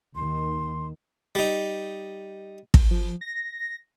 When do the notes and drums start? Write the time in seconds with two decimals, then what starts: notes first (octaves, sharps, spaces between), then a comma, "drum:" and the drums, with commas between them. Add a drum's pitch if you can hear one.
0.15 D#2 D#3 C6
1.35 G3 D#4
2.74 drum: kick
2.91 F3
3.21 A#6